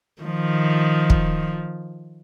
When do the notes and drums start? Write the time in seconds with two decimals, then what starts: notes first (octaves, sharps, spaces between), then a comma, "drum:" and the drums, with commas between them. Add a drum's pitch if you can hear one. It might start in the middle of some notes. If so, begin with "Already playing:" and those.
0.22 D#3 F3
1.10 drum: kick